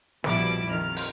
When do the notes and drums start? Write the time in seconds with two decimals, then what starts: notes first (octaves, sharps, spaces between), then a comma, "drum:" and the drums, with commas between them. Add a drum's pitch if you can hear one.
0.24 A#1 B2 F3 G3 E4 D6, drum: snare
0.67 F2 D#3 F6
0.96 drum: open hi-hat